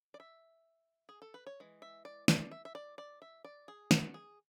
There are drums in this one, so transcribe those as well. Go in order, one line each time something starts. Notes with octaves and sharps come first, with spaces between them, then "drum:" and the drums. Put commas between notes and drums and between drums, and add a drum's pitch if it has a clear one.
D5
E5
G#4
A4
B4
C#5
E3 G#3
E5
D5
D5, drum: snare
E5
E5
D5
D5
E5
D5
G#4
F#4, drum: snare
G#4